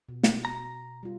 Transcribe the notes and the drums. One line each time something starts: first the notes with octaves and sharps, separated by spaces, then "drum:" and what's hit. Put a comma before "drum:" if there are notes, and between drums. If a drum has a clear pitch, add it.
B2
drum: snare
A#5
G3 F4